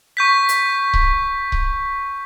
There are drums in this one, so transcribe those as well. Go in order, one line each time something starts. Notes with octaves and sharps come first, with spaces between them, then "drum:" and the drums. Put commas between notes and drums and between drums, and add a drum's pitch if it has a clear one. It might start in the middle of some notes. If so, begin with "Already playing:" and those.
C#6 G6 B6
drum: hi-hat
drum: kick C#1
drum: kick C#1